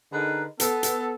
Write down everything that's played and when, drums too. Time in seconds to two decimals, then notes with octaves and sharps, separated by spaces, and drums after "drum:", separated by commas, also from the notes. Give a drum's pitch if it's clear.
0.12 D3 D#4 G#4 A#4 B4
0.60 B3 A4, drum: hi-hat
0.83 drum: hi-hat